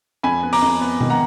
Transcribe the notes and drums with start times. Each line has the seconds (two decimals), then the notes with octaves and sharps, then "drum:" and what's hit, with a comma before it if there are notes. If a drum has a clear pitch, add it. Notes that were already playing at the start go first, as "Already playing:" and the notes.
0.23 F2 G#5 B5
0.43 B3
0.53 A#5 D6, drum: open hi-hat
0.62 F2
0.81 B3
1.01 D#3, drum: tom B2
1.10 F#5 A#5